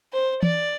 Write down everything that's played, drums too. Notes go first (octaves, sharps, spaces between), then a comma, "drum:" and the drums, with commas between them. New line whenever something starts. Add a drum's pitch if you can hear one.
C5
D5, drum: tom E3